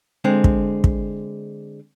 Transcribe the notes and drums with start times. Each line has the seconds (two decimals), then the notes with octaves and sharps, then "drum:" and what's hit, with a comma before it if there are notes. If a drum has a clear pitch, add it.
0.24 D3 G#3 C4
0.44 drum: kick
0.84 drum: kick